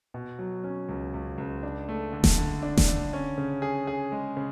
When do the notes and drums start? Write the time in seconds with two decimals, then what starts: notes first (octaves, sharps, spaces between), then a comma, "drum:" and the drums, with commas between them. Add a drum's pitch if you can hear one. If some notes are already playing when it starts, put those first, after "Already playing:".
0.14 B2
0.39 F#3
0.64 C#4
0.89 C#2
1.14 C#2
1.38 C#2
1.63 D4
1.89 A3
2.13 D3
2.24 drum: snare D#1
2.38 D3
2.63 D4
2.77 drum: snare D#1
2.88 D3
3.13 C#4
3.38 C#3
3.62 G#4
3.87 G#4
4.12 G#3
4.37 C#3